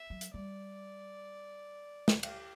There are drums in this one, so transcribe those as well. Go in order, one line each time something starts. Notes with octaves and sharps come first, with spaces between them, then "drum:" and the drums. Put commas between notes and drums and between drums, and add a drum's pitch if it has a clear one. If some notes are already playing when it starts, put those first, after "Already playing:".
Already playing: E5
F#3
drum: hi-hat
G3 D5
drum: snare
G4, drum: cymbal